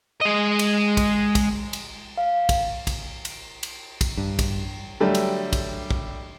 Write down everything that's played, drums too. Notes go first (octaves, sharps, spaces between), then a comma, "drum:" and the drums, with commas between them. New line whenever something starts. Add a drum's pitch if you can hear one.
G#3 D#5
drum: cymbal
drum: kick, cymbal
drum: kick, cymbal
drum: cymbal
F5
drum: kick, cymbal
drum: kick, cymbal
drum: cymbal
drum: cymbal
drum: kick, cymbal
G2
drum: kick, cymbal
D3 F#3 G3 A3
drum: cymbal
drum: kick, cymbal
drum: kick